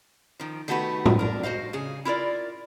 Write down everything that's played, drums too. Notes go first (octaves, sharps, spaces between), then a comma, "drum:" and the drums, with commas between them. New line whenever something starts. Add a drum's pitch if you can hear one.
D#3 F3
D#3 A3 B3 F#4 G4 B4
drum: tom
D4 A#4
F#4 C5 D#5 F5
C#3 G#4
E4 F4 A#4 D5